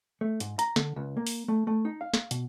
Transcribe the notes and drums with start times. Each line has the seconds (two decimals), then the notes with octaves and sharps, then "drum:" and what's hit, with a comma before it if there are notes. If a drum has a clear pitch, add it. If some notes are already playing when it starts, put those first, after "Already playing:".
0.21 A3
0.40 G#2, drum: hi-hat
0.59 A#5, drum: hi-hat
0.76 D3, drum: snare
0.96 C#2
1.17 A#3
1.27 drum: open hi-hat
1.48 A3
1.67 A3
1.85 D#4
2.01 F5
2.14 drum: snare
2.31 B2, drum: hi-hat